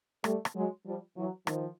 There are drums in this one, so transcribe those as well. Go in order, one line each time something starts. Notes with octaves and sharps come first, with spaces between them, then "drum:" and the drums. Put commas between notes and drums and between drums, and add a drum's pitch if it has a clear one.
G3 A3, drum: rim click
drum: rim click
F#3 G#3
F3 G3
E3 F#3
D#3 F3, drum: rim click